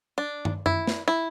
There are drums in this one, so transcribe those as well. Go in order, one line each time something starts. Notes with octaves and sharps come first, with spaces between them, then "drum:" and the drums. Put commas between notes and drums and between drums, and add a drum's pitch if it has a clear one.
D4
drum: tom
E4, drum: tom F#2
drum: snare
E4